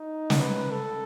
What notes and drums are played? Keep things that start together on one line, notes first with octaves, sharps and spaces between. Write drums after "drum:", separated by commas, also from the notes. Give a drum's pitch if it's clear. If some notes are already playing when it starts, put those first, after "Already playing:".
Already playing: D#4
drum: snare
B4
A4